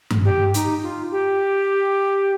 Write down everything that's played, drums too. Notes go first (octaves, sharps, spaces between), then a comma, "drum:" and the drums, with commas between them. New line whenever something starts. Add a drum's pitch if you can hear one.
drum: tom G2
G4
D#4, drum: hi-hat
F4
G4